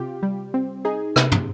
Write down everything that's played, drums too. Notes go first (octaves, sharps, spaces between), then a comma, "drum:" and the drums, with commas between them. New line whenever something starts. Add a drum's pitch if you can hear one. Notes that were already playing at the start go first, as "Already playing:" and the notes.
Already playing: C3 F4 G4
G3
C4
D#4 G#4
C3, drum: rim click
drum: tom